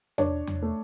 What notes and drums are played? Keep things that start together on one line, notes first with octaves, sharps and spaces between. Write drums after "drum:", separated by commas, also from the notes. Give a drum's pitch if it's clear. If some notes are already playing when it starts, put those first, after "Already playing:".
D4 C#5, drum: tom E2
drum: tom E2
A3